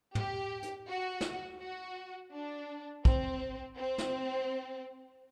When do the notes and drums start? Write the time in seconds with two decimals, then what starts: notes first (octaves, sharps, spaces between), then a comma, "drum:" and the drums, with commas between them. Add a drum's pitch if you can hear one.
0.15 G4, drum: tom
0.62 drum: hi-hat
0.88 F#4
1.21 drum: snare
1.60 F#4
2.32 D4
3.05 C4, drum: kick
3.77 C4
3.98 drum: snare